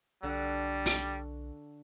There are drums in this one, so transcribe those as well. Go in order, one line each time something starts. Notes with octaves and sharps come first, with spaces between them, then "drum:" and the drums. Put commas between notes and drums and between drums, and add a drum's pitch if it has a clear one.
B1 D3 G3 F#4 A4
drum: open hi-hat